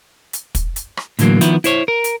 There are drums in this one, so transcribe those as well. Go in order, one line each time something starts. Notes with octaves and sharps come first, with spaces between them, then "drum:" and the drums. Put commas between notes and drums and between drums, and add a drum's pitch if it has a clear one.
drum: hi-hat
drum: kick, hi-hat
drum: hi-hat
drum: rim click
A2 D3 E3 F#3 A#3, drum: hi-hat
D#3 F3 B3 E4, drum: hi-hat
E4 C5 C#5, drum: hi-hat
A#4
drum: hi-hat